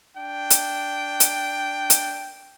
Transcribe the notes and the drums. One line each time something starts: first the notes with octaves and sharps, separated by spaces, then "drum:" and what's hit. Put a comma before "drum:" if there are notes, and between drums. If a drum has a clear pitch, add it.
D4 G5
drum: hi-hat
drum: hi-hat
drum: hi-hat